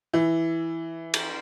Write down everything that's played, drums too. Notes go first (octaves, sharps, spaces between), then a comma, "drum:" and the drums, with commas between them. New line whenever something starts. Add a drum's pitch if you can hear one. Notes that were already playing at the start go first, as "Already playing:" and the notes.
E3
drum: cymbal